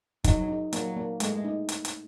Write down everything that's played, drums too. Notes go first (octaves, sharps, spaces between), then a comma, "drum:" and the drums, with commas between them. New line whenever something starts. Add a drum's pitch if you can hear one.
F#3 D#4, drum: kick, hi-hat
D#4
F#3 A#3, drum: hi-hat
A#3
G#3 A3, drum: hi-hat
D#4
drum: hi-hat
drum: hi-hat